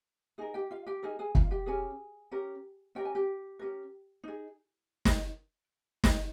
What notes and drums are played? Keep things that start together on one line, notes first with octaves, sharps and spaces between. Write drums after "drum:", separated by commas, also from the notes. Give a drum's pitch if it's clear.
D#4 G#4 A#4 G#5
G4 G5
F4 F5
G4 G5
D#4 G#4 A#4 G#5
G#4 G#5
F4 F5, drum: kick
G4 G5
C#4 G4 G#4 A#4 G#5
C#4 G4 A#4
C#4 G4 A#4 G5
G#5
G4 G5
C#4 G4 A#4
D#4 G#4
drum: snare
drum: snare